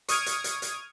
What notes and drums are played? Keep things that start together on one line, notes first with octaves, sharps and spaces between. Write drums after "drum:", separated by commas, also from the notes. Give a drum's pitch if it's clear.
C#6 D#6 F6 G#6 D7, drum: hi-hat
drum: hi-hat
drum: hi-hat
drum: hi-hat